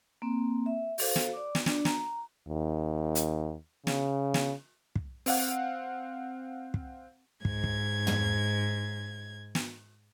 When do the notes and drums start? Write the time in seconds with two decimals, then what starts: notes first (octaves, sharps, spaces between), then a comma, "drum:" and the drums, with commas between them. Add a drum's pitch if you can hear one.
0.22 A#3 C4
0.66 E5
0.98 F#4 A4 C5 F5, drum: open hi-hat
1.16 drum: snare
1.33 D5 D6
1.55 drum: snare
1.66 D4 D5, drum: snare
1.85 A#5, drum: snare
2.48 D#2
3.15 drum: hi-hat
3.87 C#3, drum: snare
4.34 drum: snare
4.96 drum: kick
5.26 C4 F5 F#5, drum: open hi-hat
6.74 drum: kick
7.45 G#2 G#6, drum: kick
7.64 drum: kick
8.07 drum: tom
9.55 drum: snare